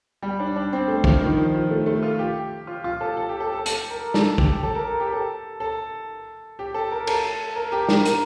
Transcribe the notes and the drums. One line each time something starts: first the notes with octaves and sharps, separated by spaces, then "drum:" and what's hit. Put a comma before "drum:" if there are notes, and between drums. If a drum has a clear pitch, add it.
G3
D4
D4
C4
A3
F3, drum: kick
D#3
F3
F3
A3
A3
F4
G4
F4
F4
A4
A4
G4
A4
A4
A4, drum: hi-hat
A#4
A4, drum: snare
G4, drum: kick
A4
A#4
A4
G4
A4
A4
G4
A4
A#4
A4, drum: cymbal
A#4
G4
A#4, drum: snare
A#4, drum: hi-hat